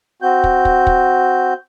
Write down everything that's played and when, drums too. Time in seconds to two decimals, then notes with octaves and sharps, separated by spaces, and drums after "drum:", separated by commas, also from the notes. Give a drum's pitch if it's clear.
0.22 C4 F#4 G6
0.44 drum: kick
0.65 drum: kick
0.87 drum: kick